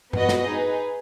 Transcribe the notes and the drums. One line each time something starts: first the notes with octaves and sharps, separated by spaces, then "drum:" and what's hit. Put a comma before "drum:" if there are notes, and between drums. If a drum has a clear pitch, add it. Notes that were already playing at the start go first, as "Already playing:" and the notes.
B3 F#4 B4 D#5, drum: tom G2
drum: snare
D#4 G#4 B4